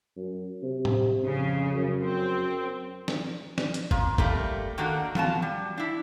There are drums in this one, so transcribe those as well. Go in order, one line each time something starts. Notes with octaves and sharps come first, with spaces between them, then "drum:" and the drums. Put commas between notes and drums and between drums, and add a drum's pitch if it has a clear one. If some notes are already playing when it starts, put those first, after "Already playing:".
F#2
C3
drum: tom A2
F2 C#3 C#4
F#2
C4
drum: snare
drum: snare
drum: hi-hat
A#2, drum: kick
G3 A3 A#3, drum: kick
D#3 A#3 D4 F#4 A4
B2 F4 F#4 A5, drum: tom E3
G3
D4 E4